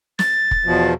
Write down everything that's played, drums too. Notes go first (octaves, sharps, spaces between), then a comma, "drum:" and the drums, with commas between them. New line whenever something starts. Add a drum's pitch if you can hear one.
A6, drum: snare
drum: kick
E2 B2 F3